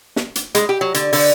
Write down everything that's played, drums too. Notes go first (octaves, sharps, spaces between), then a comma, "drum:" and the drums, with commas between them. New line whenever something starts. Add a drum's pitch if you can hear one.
drum: snare
drum: hi-hat
G#3, drum: hi-hat
G4
F#3
D3, drum: hi-hat
D3, drum: open hi-hat